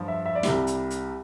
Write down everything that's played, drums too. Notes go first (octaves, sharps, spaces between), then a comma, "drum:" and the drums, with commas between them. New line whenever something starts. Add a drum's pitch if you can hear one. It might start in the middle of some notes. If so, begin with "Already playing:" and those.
Already playing: G2 F3
E5
E5
D5
C2 C3 G3 E5, drum: snare
drum: hi-hat
drum: hi-hat